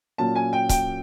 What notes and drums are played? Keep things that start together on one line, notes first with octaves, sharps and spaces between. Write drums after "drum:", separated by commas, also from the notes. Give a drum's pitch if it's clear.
A#2 F#3 A#3 C#4 A5
G#5
G5
G5, drum: kick, hi-hat